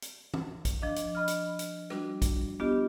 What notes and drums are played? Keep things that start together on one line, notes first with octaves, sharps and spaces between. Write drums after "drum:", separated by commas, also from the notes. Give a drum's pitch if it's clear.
drum: hi-hat
drum: tom E3
drum: kick, hi-hat
F3 D4 D#5
drum: hi-hat
D#5 B5 F6
drum: hi-hat
drum: hi-hat
G3 D4 F#4, drum: rim click
drum: kick, hi-hat
B3 D4 F4 G4 D#5